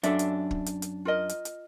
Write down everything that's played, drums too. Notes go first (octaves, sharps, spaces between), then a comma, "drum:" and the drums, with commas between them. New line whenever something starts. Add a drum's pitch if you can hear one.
F#2 D4 A4 E5, drum: hi-hat
drum: hi-hat
drum: kick
drum: hi-hat
drum: hi-hat
F4 A#4 D#5
drum: hi-hat
drum: hi-hat